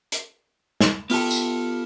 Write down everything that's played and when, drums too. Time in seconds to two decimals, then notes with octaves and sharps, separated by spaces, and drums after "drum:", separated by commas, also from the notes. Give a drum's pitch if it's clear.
0.12 drum: hi-hat
0.81 drum: snare
1.10 B3 F4 G4 A4, drum: open hi-hat
1.31 drum: tambourine